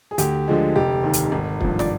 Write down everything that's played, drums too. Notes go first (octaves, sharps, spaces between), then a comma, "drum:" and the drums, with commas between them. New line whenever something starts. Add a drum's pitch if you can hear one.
G#4
D2 G4, drum: hi-hat
D3 F3 G#3
F1 G4
D#2 D#3
drum: hi-hat
G#1
G2 F3, drum: kick
D5, drum: snare